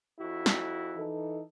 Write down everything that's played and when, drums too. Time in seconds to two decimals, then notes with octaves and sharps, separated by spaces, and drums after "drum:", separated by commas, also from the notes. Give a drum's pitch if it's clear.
0.18 F2 E4 F#4
0.46 drum: snare
0.95 E3 D#4 A4